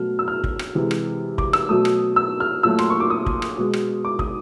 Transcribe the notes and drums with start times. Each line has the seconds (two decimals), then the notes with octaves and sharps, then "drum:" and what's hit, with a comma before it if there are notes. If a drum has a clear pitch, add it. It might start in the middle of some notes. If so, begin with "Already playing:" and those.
Already playing: B2 F#3 A3 F6
0.19 E6
0.28 F6
0.44 drum: kick
0.59 drum: rim click
0.75 C3 E3 G#3
0.91 drum: rim click
1.38 D6, drum: kick
1.53 E6, drum: rim click
1.69 B2 F#3 A3 D#6
1.85 drum: rim click
2.16 E6
2.40 F6
2.63 A#2 F#3 A3 E6
2.79 C6, drum: rim click
2.90 C#6
3.00 D6
3.10 D#6
3.26 drum: kick
3.42 drum: rim click
3.58 B2 G#3
3.73 drum: rim click
4.05 D6
4.19 D#6, drum: kick